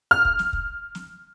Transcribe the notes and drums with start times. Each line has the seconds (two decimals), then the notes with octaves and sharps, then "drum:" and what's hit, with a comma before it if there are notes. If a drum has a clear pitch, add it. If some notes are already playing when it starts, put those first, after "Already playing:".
0.11 F6
0.25 drum: kick
0.39 drum: snare
0.53 drum: kick
0.95 drum: snare